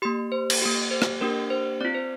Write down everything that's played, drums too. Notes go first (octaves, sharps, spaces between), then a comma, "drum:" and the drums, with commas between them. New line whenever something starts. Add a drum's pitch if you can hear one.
A#3 G4 C6
C5
drum: cymbal
A#3 G4
C5
drum: rim click
A#3 D4 G4 A#4
C5
C4 F4 D5
C5